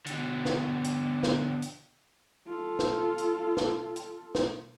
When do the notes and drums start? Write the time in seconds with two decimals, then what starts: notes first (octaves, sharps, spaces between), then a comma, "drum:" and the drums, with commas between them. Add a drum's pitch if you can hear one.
0.06 B2 D3, drum: hi-hat
0.45 drum: snare
0.84 drum: hi-hat
1.23 drum: snare
1.62 drum: hi-hat
2.46 F4 A4
2.79 drum: snare
3.18 drum: hi-hat
3.57 drum: snare
3.96 drum: hi-hat
4.35 drum: snare